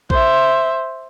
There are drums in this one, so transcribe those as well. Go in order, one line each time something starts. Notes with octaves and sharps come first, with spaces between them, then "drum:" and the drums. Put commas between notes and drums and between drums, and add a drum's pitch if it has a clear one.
C5 E5, drum: kick A#1